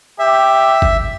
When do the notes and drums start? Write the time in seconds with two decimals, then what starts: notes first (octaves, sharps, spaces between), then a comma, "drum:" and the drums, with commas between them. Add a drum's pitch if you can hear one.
0.19 G4 E5
0.82 drum: kick G1